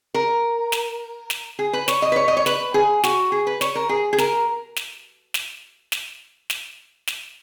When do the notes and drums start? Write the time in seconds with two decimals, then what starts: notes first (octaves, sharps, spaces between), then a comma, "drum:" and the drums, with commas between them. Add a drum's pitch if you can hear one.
0.14 A#4
0.72 drum: snare
1.30 drum: snare
1.59 G#4
1.73 B4
1.88 C#5, drum: snare
2.02 D#5
2.12 B4
2.16 C#5
2.28 D#5
2.37 C#5
2.46 B4, drum: snare
2.74 G#4
3.04 F#4, drum: snare
3.32 G#4
3.47 B4
3.61 C#5, drum: snare
3.75 A#4
3.89 G#4
4.13 G#4
4.18 A#4, drum: snare
4.76 drum: snare
5.34 drum: snare
5.92 drum: snare
6.50 drum: snare
7.07 drum: snare